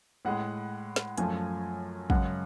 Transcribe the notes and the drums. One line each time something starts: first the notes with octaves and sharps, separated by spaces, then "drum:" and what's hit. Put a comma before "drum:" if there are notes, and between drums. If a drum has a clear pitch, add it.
A2 G#3 F#5
drum: snare
F#2 F3 A3 G#5, drum: hi-hat
F#2 C#3 G#3 F#5, drum: kick